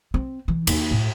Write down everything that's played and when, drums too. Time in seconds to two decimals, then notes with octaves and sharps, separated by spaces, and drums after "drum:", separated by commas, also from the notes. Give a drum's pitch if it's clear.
0.14 C4
0.48 E3
0.67 D#2, drum: cymbal
0.91 A2